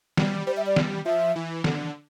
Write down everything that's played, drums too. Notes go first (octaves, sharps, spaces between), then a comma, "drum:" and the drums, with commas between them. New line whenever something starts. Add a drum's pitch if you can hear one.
G3, drum: snare
G3 C5
E5
D5
drum: snare
F3 E5
E3
D3, drum: snare